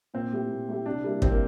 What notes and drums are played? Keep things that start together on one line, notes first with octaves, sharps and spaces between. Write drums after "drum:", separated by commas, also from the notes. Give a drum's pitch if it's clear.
A#2 C4
A3 E4 G4
A#2
A3 E4 G4
C3 D4
G3 A#3 E4
C3 C4, drum: kick
A#3